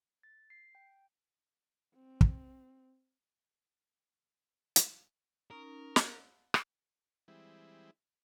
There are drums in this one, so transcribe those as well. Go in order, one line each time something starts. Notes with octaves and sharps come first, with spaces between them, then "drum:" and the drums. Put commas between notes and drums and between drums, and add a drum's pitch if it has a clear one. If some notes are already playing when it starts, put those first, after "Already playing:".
A6
C7
G5
C4
drum: kick
drum: hi-hat
C#4 D#4 A#4
drum: snare
drum: rim click
E3 G3 G#3 C4 E4